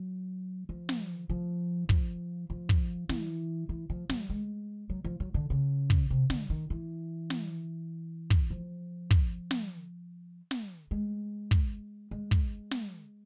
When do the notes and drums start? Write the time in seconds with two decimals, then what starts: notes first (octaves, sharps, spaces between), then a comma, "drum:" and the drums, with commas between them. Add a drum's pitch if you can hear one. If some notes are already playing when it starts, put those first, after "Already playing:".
Already playing: F#3
0.69 F3
0.89 drum: snare
1.29 F3
1.89 F3, drum: kick
2.50 F3
2.69 drum: kick
3.09 E3, drum: snare
3.69 E3
3.90 F3
4.09 F#3, drum: snare
4.30 G#3
4.89 F#3
5.04 F3
5.20 F#3
5.34 D3
5.50 C#3
5.90 drum: kick
6.10 C3
6.30 D3, drum: snare
6.50 D#3
6.70 E3
7.30 drum: snare
8.30 drum: kick
8.50 F3
9.11 drum: kick
9.51 drum: snare
10.51 drum: snare
10.91 G#3
11.51 drum: kick
12.11 G#3
12.31 drum: kick
12.71 drum: snare